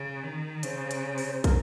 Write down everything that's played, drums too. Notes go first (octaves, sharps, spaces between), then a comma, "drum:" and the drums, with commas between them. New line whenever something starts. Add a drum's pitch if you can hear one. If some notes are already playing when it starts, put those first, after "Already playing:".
Already playing: C#3
D#3
C#3 C5, drum: hi-hat
drum: hi-hat
drum: open hi-hat
A#4, drum: kick, hi-hat